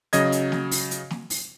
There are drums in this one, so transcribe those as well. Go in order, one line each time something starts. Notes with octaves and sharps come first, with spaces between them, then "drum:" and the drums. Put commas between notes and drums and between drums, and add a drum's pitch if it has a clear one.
C#3 F#3 D#5 G#6, drum: hi-hat
drum: hi-hat
drum: snare
drum: open hi-hat
drum: hi-hat
drum: snare
drum: open hi-hat